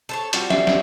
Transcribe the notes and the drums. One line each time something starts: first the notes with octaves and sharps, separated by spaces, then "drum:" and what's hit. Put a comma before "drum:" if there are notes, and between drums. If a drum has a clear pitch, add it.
A4 C5 C#5
F3 G3 F#4, drum: hi-hat
E5, drum: snare
drum: snare